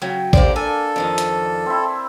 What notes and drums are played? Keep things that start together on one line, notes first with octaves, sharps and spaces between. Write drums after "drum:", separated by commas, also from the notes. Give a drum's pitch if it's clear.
C#3 F#3 G5
D3 A#3 G4 C5 D5, drum: kick A1
A4 G#5
F2 D#3 F3
drum: hi-hat
C4 E4